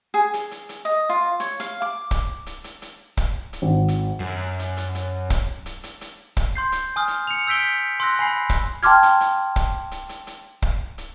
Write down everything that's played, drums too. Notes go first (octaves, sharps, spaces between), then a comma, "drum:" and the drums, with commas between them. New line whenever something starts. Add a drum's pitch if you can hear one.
G#4
drum: hi-hat
drum: hi-hat
drum: hi-hat
D#5
F4
C#5, drum: hi-hat
F5, drum: hi-hat
D6
drum: kick, hi-hat
drum: hi-hat
drum: hi-hat
drum: hi-hat
drum: kick, hi-hat
drum: hi-hat
G#1
drum: hi-hat
F#2
drum: hi-hat
drum: hi-hat
drum: hi-hat
drum: kick, hi-hat
drum: hi-hat
drum: hi-hat
drum: hi-hat
drum: kick, hi-hat
C6 G6 C7
drum: hi-hat
G#5 D#6 F6
drum: hi-hat
C#7 F7
E6 G6 B6 D7 G7
C6 E6 F#6 A#6
G#5 B5 C7
drum: kick, hi-hat
G5 A5 C6 D6 F6 G#6, drum: hi-hat
drum: hi-hat
drum: hi-hat
drum: kick, hi-hat
drum: hi-hat
drum: hi-hat
drum: hi-hat
drum: kick
drum: hi-hat